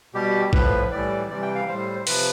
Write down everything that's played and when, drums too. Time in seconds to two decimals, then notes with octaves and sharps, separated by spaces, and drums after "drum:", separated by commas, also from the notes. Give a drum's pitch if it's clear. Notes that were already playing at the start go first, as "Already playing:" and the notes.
0.14 B2 G3 G4
0.53 A2 F3 B4, drum: kick B1
0.92 A2 E3 G3 D5
1.30 C3 E3 G3 D5
1.42 G5
1.55 F5
1.68 A2 G3 C5
2.07 C3 F3 B4, drum: open hi-hat